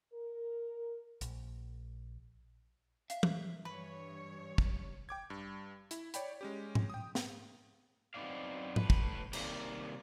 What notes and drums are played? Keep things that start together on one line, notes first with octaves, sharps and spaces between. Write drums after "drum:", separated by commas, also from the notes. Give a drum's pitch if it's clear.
A#4
A#1, drum: hi-hat
E5 F5, drum: hi-hat
drum: tom
G2 E3 B4 C#5
drum: kick
G5 D6 G#6
G2
E4, drum: hi-hat
C#5 D5 G5 B5, drum: hi-hat
G#3 C#4 G4
drum: tom G#2
G5 D#6
drum: snare
F#2 B3 C4 D#4 D5 F5
A2 B4, drum: tom G#2
drum: kick
C3 D#3 G3 A#3, drum: cymbal